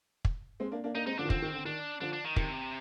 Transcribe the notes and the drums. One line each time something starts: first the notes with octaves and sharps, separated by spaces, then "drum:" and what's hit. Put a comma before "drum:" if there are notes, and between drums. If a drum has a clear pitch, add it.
drum: kick
G#3 C4
A#3 D4
A#3 D4
A#3 D4 D#4
G#3 C4 D#4
D3 F3 D4
D#3
D3 F3 C4, drum: kick
D#3
D3
D#3 D4
D3 F3 D4
D4
D#3
C3 D#3, drum: kick